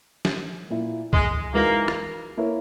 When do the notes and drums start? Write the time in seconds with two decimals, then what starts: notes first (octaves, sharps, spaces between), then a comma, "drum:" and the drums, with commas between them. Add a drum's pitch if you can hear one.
0.25 drum: snare
0.70 A#2 A#3 E4
1.13 G#3, drum: kick C#2
1.54 E3 G#3 A#3 D#4 F#4
1.88 drum: rim click
2.37 A#3 E4 A#4 C#5